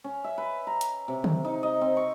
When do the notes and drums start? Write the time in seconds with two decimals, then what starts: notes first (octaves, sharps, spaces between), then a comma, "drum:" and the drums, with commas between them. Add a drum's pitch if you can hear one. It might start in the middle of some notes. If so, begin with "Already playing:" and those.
0.04 C#4
0.24 E5
0.38 B4
0.67 A#5
0.81 drum: hi-hat
1.08 C3
1.24 drum: tom D3
1.45 D#4
1.63 D#5
1.81 C4
1.97 C#6